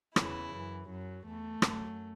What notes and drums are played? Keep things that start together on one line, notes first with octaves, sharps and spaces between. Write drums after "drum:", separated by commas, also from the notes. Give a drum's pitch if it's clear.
E2 C#3 E3 E4, drum: rim click
F#2 E3
F#2 F#3
E2 E3 A3
F#2 F#3, drum: rim click